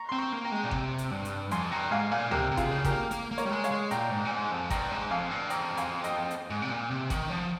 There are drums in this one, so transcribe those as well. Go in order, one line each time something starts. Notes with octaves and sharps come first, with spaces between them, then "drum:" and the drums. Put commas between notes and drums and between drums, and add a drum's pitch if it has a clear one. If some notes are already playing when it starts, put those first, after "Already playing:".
Already playing: A#5 C#6
C4 C6
A#5 C#6
A#3
G5 A#5
G#3
A#2
C3, drum: kick G1
drum: hi-hat
G2
drum: hi-hat
F2 G#5 C6, drum: hi-hat
G2 G5 A#5
G#2 F5 G#5
A#2 F5 G#5
C3 G4 A#4, drum: tom
C3
F4 G#4, drum: kick G1, hi-hat
C#3
G4 A#4, drum: kick G1, hi-hat
A#3
A#3, drum: hi-hat
A#3
A#4 C#5, drum: hi-hat
G3
G#3
C#5 F5, drum: hi-hat
G#3
A#2 G5 A#5, drum: hi-hat
G#2
A#2
G#2
F2
G2 G5 A#5, drum: kick G1, hi-hat
G#2
F2 F5 G#5
G2
F2 G5 A#5, drum: hi-hat
F5 G#5, drum: hi-hat
D#5 G5, drum: hi-hat
drum: hi-hat
G#2
C3
A#2
C3
D#3, drum: kick G1, hi-hat
F3